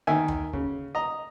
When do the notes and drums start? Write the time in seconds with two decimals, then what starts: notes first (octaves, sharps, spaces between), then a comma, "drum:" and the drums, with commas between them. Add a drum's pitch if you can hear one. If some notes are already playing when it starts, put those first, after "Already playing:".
0.07 D#3 E5 G#5
0.28 drum: tom D#2
0.53 C#3, drum: kick
0.95 D#5 A#5